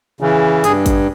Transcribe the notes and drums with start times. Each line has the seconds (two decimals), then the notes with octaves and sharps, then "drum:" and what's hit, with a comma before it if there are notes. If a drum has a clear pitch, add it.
0.21 C#3 E3
0.64 G2 G#4, drum: hi-hat
0.86 drum: kick G#1, hi-hat